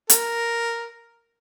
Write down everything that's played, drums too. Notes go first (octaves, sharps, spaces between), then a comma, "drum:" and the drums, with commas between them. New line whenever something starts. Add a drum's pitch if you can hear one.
A#4, drum: hi-hat